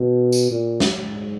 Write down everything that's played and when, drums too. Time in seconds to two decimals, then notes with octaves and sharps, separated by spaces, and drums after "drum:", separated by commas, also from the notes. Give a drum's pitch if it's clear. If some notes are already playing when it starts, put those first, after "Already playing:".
Already playing: B2
0.32 drum: tambourine
0.51 A#2
0.80 drum: snare
1.09 G#2